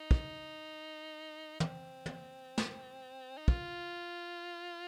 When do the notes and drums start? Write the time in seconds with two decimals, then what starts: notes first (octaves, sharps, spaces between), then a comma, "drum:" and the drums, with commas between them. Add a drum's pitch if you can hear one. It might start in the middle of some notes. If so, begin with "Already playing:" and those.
Already playing: D#4
0.11 drum: kick
1.60 C4, drum: tom
2.06 drum: tom
2.58 drum: snare
3.37 D#4
3.48 F4, drum: kick